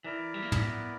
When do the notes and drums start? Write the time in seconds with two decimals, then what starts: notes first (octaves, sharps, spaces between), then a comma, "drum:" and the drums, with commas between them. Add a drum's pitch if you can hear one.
0.04 E3 E4 A#4 D5
0.34 G3
0.43 A#3
0.52 G3, drum: tom
0.62 B3